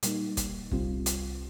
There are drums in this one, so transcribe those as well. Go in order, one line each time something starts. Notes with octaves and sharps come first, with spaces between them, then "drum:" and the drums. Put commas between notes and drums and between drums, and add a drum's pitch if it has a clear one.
A#2 G3 A#3 D#4, drum: hi-hat
drum: kick, hi-hat
C2 C3 G3 C4 F4, drum: kick
drum: hi-hat